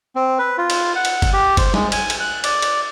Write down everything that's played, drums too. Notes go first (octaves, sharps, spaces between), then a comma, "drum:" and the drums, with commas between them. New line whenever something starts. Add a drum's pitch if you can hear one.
C4
B4
F4
drum: cymbal
F#5
drum: cymbal
drum: kick, cymbal
G4
C5, drum: kick, cymbal
G#3, drum: snare
G#5, drum: cymbal
drum: cymbal
F#6
D5, drum: cymbal
drum: cymbal